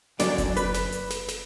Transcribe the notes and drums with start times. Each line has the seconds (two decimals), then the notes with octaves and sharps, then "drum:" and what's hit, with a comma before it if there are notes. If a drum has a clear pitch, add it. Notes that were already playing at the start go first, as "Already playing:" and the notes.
0.19 F#2 D3 F#3 D5, drum: snare
0.38 drum: kick F#1, hi-hat
0.57 B4, drum: hi-hat
0.74 drum: snare
0.92 drum: hi-hat
1.10 drum: snare
1.28 drum: snare